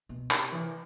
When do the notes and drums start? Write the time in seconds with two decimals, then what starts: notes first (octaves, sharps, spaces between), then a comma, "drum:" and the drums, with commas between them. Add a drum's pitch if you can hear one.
0.09 B2
0.31 C3, drum: clap
0.52 E3